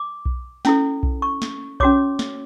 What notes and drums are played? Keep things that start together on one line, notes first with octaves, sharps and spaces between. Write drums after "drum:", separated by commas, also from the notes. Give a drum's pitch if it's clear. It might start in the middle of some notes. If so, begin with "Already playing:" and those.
Already playing: D6
drum: kick B1
C#4 E4 A4, drum: snare
drum: kick B1
C#6
drum: snare
C#4 F#4 C#5 D6, drum: kick B1
drum: snare